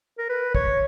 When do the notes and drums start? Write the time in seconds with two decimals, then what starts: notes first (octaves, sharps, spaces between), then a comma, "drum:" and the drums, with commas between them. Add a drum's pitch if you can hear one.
0.18 A#4
0.29 B4
0.55 C#5, drum: kick